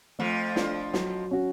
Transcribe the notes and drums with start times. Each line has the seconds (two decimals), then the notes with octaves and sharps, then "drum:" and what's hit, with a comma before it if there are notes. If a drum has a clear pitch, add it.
0.19 F2 F3 A3
0.56 D4 F4 A4, drum: snare
0.93 F#3, drum: snare
1.31 C#4 F#4